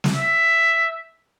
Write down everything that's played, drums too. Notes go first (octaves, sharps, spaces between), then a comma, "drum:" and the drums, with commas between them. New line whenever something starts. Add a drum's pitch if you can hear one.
drum: snare
E5